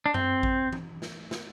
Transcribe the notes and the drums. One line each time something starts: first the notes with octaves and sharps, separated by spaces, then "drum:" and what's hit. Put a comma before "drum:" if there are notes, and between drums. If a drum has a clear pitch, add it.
D4
C4, drum: tom F#2
drum: kick A1
drum: tom E3
drum: snare
drum: snare